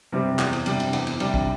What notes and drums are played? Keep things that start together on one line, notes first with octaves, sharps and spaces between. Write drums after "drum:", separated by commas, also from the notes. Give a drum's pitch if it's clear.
C3 G3 C4
E2, drum: clap
drum: cymbal
C3 G3 D4, drum: cymbal
drum: cymbal
E2, drum: cymbal
drum: cymbal
C3 G3 D4, drum: cymbal
drum: kick